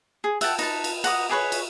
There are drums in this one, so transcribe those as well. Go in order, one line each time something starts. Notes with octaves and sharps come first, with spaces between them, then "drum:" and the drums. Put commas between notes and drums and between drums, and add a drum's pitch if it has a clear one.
G#4
E5 F#5 G5 A5, drum: cymbal
D#4 B4 A5, drum: cymbal
drum: cymbal
F#5 A#5 D6 D#6, drum: cymbal
G4 G#4 B4 C#5
drum: cymbal